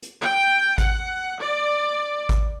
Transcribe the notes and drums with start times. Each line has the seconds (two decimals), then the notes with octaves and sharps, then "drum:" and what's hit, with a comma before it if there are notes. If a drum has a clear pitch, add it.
0.02 drum: hi-hat
0.22 G5
0.78 F#5, drum: kick G#1, hi-hat
1.40 D5
2.29 drum: kick G#1, hi-hat